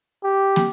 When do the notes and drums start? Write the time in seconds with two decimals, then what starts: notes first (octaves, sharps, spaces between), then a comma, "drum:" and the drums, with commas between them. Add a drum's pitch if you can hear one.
0.24 G4
0.56 drum: snare